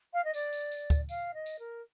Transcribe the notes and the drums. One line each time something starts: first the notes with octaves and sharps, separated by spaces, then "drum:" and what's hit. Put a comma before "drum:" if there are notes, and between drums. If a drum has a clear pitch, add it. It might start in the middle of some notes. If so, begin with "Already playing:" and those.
F5
D#5
D5, drum: tambourine
drum: tambourine
drum: tambourine
drum: kick D2, tambourine
F5, drum: tambourine
D#5
drum: tambourine
A#4